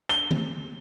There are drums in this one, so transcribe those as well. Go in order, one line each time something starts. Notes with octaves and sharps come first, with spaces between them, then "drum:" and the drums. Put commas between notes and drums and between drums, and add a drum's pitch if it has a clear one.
G7
drum: tom D3